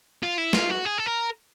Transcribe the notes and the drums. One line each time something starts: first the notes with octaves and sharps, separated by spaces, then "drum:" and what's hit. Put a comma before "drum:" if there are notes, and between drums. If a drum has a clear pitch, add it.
F4
E4
F4, drum: snare
F#4
G#4
A4
A#4